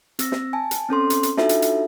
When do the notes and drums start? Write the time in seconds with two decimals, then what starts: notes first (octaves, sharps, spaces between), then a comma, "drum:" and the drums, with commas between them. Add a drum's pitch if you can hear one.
0.19 C4 E6 A#6, drum: hi-hat
0.32 drum: snare
0.53 G#5 A5
0.71 drum: hi-hat
0.89 C4 C#4 A4 C6
1.10 drum: hi-hat
1.23 drum: hi-hat
1.37 D4 D#4 F4 F#4 A4 E5, drum: snare
1.49 drum: hi-hat
1.62 drum: hi-hat